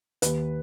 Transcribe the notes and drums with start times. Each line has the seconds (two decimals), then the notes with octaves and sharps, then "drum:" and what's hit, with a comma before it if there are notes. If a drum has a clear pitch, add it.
0.22 D#2 B4, drum: hi-hat